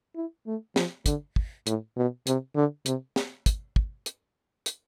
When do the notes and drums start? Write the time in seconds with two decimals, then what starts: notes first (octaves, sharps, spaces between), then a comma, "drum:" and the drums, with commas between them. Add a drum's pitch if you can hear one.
0.16 E4
0.47 A3
0.76 F3, drum: snare
1.06 D3, drum: kick, hi-hat
1.36 drum: kick
1.67 A2, drum: hi-hat
1.97 B2
2.27 C3, drum: hi-hat
2.56 D3
2.86 C3, drum: hi-hat
3.16 drum: snare
3.46 drum: kick, hi-hat
3.76 drum: kick
4.06 drum: hi-hat
4.66 drum: hi-hat